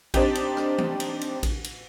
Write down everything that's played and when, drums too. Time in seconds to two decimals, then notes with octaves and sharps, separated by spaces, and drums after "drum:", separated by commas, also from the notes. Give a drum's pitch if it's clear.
0.14 C4 D4 D#4 G4, drum: kick A1, cymbal
0.35 drum: cymbal
0.57 drum: rim click
0.78 drum: tom E3
1.00 drum: cymbal
1.21 drum: cymbal
1.43 drum: kick A1, cymbal
1.64 drum: cymbal